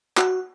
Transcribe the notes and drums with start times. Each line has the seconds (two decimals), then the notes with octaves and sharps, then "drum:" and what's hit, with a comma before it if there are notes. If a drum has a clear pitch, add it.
0.18 F#4, drum: clap